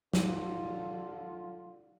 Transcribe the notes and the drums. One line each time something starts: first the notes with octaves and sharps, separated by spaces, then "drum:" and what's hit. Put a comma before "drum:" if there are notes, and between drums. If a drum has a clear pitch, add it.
D3 F4, drum: snare